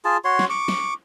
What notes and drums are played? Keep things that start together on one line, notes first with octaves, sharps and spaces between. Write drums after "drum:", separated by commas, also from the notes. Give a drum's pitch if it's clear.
F4 G#4 A5
F#4 C#5 C6
drum: snare
C#6 D6
drum: snare